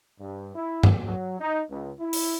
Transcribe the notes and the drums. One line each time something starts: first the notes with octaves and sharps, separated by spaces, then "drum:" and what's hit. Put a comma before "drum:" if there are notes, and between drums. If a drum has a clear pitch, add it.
G2
E4
drum: tom G2
F#3
D#4
C#2
E4
drum: open hi-hat